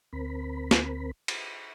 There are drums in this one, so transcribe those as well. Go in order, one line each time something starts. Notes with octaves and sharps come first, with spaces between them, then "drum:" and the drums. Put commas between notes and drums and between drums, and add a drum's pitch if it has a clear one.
D2 C4 A#4 B5
drum: snare
drum: cymbal